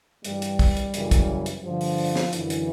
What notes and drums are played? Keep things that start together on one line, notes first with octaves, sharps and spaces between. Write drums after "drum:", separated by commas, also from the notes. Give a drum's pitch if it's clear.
G2 E3 G3, drum: hi-hat
drum: hi-hat
drum: kick, open hi-hat
drum: hi-hat
F#2 C#3 E3, drum: hi-hat
drum: kick, hi-hat
drum: hi-hat
G2 D3 F3
drum: open hi-hat
drum: open hi-hat
drum: snare
F#2 D3 E3, drum: hi-hat
drum: hi-hat